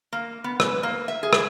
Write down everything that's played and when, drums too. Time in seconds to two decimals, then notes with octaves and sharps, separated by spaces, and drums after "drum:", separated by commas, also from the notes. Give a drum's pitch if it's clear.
0.13 A#3
0.44 B3
0.60 B4, drum: rim click
0.83 A#3
1.08 E5
1.23 G#4
1.33 drum: rim click